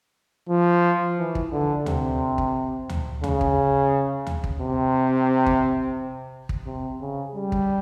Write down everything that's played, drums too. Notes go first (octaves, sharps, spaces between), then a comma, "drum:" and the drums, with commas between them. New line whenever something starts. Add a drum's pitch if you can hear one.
F3
E3
drum: kick
D3
C3, drum: tom D2
drum: kick
drum: tom D2
C#3, drum: tom D2
drum: kick
drum: tom D2
drum: kick
C3
drum: kick
drum: kick
C3
C#3
G3
drum: kick